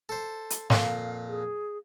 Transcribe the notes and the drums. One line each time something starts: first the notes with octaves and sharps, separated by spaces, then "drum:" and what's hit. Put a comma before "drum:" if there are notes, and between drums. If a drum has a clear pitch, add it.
A4 C5
drum: hi-hat
F2 A#2 F5, drum: snare
G#4